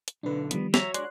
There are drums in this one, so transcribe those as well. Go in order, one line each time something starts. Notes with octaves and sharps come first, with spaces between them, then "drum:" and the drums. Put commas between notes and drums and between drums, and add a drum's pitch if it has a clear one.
drum: hi-hat
B1 D3 D4 B4
D#3 F3 G3 B3, drum: hi-hat
F#4 C#5 E5 A#5, drum: snare
G#3 D4 D5 C6 F#6, drum: hi-hat